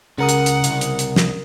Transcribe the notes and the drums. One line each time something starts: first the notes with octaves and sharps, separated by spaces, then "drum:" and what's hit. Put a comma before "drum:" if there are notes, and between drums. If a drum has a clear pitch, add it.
C#2 C#3 A#4 F#5 D#6
drum: hi-hat
drum: hi-hat
C2, drum: hi-hat
drum: hi-hat
drum: hi-hat
drum: snare